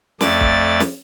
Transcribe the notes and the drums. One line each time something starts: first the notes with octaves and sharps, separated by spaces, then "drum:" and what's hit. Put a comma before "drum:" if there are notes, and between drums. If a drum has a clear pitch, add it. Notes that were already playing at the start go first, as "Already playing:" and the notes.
F2 A3 D5 A6, drum: snare
drum: kick
drum: snare